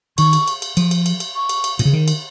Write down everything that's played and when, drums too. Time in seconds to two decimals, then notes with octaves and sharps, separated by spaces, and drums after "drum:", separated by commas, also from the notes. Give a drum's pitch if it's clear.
0.18 D#3 C#6, drum: cymbal
0.33 drum: cymbal
0.48 drum: cymbal
0.62 drum: cymbal
0.77 F3, drum: cymbal
0.91 drum: cymbal
1.06 drum: cymbal
1.20 drum: cymbal
1.35 C#6
1.49 drum: cymbal
1.64 drum: cymbal
1.79 A#2, drum: cymbal
1.85 C#3
1.93 D#3
2.08 drum: cymbal